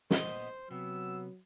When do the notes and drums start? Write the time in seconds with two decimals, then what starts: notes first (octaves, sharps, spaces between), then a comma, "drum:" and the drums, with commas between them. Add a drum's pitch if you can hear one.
0.11 A#2 B3 C5 D#5, drum: snare
0.71 C3 F#3 B3 E6